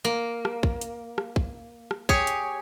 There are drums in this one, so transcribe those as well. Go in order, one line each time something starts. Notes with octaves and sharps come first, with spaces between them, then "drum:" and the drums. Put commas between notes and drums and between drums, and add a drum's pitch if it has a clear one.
A#3
drum: rim click
drum: kick
drum: hi-hat
drum: rim click
drum: kick
drum: rim click
G4 G#4 C#5, drum: kick
drum: hi-hat